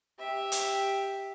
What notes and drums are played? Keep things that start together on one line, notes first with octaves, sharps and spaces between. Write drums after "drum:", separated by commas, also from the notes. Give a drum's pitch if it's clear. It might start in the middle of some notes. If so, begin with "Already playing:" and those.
G4 E5
drum: hi-hat